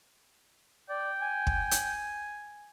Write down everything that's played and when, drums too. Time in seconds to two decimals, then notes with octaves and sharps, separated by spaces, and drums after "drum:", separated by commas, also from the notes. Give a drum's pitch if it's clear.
0.89 D5 G5
1.22 G#5
1.47 drum: kick
1.71 drum: hi-hat